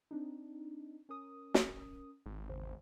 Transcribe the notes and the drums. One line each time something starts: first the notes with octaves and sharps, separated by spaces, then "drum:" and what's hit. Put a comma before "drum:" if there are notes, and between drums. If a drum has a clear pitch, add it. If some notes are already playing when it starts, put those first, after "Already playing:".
C4 D4 D#4
C#4 A#4 D#6
drum: snare
G#1
E2 C#3 C5